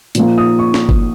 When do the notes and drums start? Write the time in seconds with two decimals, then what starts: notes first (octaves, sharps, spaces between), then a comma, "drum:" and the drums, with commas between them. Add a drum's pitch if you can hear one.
0.15 A#2 F3 A#3, drum: hi-hat
0.38 D#6
0.59 C#6
0.74 drum: snare
0.89 drum: kick G1